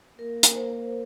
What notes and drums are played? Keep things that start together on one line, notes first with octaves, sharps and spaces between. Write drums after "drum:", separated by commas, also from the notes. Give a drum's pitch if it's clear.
A#3 A#4
drum: hi-hat
C5